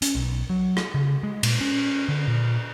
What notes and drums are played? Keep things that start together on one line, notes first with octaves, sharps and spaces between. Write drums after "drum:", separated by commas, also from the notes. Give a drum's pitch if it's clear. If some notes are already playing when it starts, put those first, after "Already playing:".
C#4, drum: hi-hat
B1
F#3
drum: rim click
C#3
G#3
A#2, drum: cymbal
C#4
D3
A#2